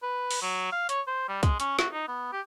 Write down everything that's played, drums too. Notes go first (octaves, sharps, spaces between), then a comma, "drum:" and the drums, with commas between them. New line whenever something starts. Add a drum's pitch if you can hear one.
B4
drum: open hi-hat
F#3
F5
C#5, drum: hi-hat
C5
G3
G#3, drum: kick, hi-hat
C#4, drum: hi-hat
F#4, drum: snare
D#4
B3
G4